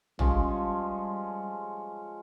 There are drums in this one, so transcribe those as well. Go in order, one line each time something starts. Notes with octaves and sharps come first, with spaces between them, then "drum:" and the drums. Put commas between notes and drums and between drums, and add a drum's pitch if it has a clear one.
F3 G3 G#3 C#4, drum: tom